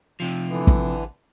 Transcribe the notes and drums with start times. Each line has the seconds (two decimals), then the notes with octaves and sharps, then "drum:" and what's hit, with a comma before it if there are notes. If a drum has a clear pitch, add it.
0.20 C3 F3
0.49 D3 E3 B3
0.67 drum: kick